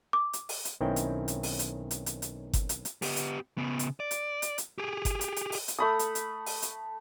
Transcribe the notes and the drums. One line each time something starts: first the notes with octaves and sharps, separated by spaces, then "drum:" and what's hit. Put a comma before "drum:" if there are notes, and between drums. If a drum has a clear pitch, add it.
D6
drum: hi-hat
drum: open hi-hat
drum: hi-hat
B1 D#3 C4 C#4 E4 G5
drum: hi-hat
drum: hi-hat
drum: open hi-hat
drum: hi-hat
drum: hi-hat
drum: hi-hat
drum: hi-hat
drum: kick G1, hi-hat
drum: hi-hat
drum: hi-hat
B3 G4, drum: open hi-hat
drum: hi-hat
C#3 B3
drum: hi-hat
D5
drum: hi-hat
drum: hi-hat
drum: hi-hat
G4 G#4
drum: kick G1, hi-hat
drum: hi-hat
drum: hi-hat
drum: open hi-hat
drum: hi-hat
A3 B5 D#6
drum: hi-hat
drum: hi-hat
drum: open hi-hat
drum: hi-hat